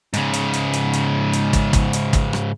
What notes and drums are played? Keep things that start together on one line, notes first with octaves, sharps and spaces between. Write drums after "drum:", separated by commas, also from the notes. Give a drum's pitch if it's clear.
G#2 C#3, drum: hi-hat
drum: hi-hat
drum: hi-hat
drum: hi-hat
drum: hi-hat
drum: hi-hat
drum: kick, hi-hat
drum: kick, hi-hat
drum: hi-hat
drum: kick, hi-hat
drum: rim click